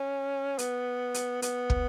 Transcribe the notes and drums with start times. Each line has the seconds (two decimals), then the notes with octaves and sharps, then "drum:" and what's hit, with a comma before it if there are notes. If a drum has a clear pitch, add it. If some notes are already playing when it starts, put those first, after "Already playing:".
Already playing: C#4
0.59 B3, drum: hi-hat
1.14 drum: hi-hat
1.42 B3, drum: hi-hat
1.70 drum: kick